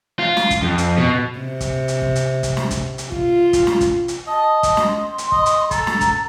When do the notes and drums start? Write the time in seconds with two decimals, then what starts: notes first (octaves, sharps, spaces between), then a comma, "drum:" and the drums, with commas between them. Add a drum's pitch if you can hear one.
0.19 F4
0.37 drum: snare
0.50 drum: kick, hi-hat
0.62 F2
0.78 drum: hi-hat
0.98 B2
1.38 C3
1.61 drum: kick, hi-hat
1.88 drum: hi-hat
2.02 drum: kick
2.16 drum: hi-hat
2.43 drum: kick, hi-hat
2.57 drum: snare
2.71 drum: kick, hi-hat
2.98 drum: hi-hat
3.12 F4, drum: kick
3.53 drum: kick, hi-hat
3.67 drum: snare
3.81 drum: kick, hi-hat
4.08 drum: hi-hat
4.27 D#5 A5
4.63 drum: kick, hi-hat
4.77 drum: snare
4.87 C6
5.18 drum: hi-hat
5.32 D#5, drum: kick
5.46 drum: hi-hat
5.71 A4 A#5, drum: kick, hi-hat
5.87 drum: snare
6.01 drum: kick, hi-hat